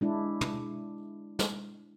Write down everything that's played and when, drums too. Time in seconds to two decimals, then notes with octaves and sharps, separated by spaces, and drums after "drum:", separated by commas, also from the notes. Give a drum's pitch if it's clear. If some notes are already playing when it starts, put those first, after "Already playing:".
0.01 G#3 D4 E4
0.41 drum: tom
1.39 drum: snare